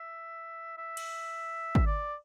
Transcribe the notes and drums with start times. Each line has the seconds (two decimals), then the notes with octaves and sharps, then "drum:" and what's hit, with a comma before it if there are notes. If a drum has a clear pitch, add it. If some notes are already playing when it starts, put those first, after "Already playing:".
Already playing: E5
0.78 E5
0.97 drum: cymbal
1.75 drum: kick
1.86 D5